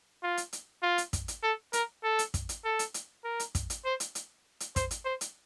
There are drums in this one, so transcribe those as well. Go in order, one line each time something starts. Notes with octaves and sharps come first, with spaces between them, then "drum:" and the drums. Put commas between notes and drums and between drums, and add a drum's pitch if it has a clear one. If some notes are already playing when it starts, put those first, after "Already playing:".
F4
drum: hi-hat
drum: hi-hat
F4
drum: hi-hat
drum: kick, hi-hat
drum: hi-hat
A4
A#4, drum: hi-hat
A4
drum: hi-hat
drum: kick, hi-hat
drum: hi-hat
A4
drum: hi-hat
drum: hi-hat
A#4
drum: hi-hat
drum: kick, hi-hat
drum: hi-hat
C5
drum: hi-hat
drum: hi-hat
drum: hi-hat
C5, drum: kick, hi-hat
drum: hi-hat
C5
drum: hi-hat